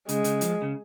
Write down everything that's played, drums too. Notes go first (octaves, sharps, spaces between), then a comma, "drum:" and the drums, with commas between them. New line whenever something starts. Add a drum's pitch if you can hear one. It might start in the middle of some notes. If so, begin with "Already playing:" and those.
C#3 G#3, drum: hi-hat
C#3, drum: hi-hat
F3, drum: hi-hat
C#3